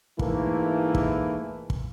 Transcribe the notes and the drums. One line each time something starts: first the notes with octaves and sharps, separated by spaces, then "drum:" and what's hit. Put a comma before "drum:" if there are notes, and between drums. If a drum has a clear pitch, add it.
G#2 E3 A3 A#3 E4, drum: kick
drum: kick
drum: kick